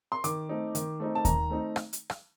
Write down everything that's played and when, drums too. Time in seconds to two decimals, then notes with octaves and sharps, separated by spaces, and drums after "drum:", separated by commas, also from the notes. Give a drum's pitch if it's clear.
0.12 C6
0.24 D#3 D6, drum: hi-hat
0.49 A3 C4 D#4
0.75 D#3, drum: hi-hat
1.00 A3 C4 D#4
1.15 A5
1.25 D#3 A#5, drum: kick D#2, hi-hat
1.50 A3 C4 D#4
1.76 drum: rim click
1.93 drum: hi-hat
2.10 drum: rim click